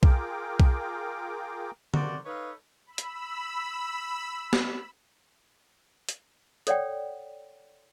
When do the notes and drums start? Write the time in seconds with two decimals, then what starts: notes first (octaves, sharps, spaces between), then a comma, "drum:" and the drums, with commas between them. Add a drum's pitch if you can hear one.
0.03 F4 G#4 A#4 G5 D6, drum: kick B1
0.60 drum: kick B1
1.94 C3 A#3 F#4 C5 D5, drum: tom
2.25 D#4 A4 B4 C#5 D#5 F5
2.86 B5 E6
2.98 drum: hi-hat
4.53 drum: snare
6.09 drum: hi-hat
6.67 A4 C#5 D5 F#5 G5, drum: hi-hat